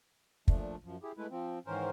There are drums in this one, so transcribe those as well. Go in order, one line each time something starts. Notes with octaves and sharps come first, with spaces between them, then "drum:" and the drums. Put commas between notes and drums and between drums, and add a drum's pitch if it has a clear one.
A#2 F3 A3 D4, drum: kick
F#2 F3
E4 G4 G#4
G#3 A3 E4 B4
F3 C4
G#2 D#3 E3 C#4 A#4 C5